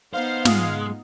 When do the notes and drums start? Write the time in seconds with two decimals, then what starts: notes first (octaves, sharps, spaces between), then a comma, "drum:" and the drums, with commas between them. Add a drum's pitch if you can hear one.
0.13 B3 D#4 C5 F5
0.45 G#2 G#3 F4 D#6, drum: snare